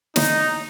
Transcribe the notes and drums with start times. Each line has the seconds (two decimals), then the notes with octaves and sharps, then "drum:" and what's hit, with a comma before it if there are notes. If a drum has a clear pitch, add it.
0.16 D#4, drum: snare